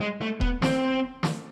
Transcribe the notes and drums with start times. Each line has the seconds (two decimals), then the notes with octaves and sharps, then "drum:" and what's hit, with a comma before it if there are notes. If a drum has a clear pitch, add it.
0.01 G#3
0.21 A3
0.41 B3, drum: kick D#1
0.62 C4, drum: snare
1.23 drum: snare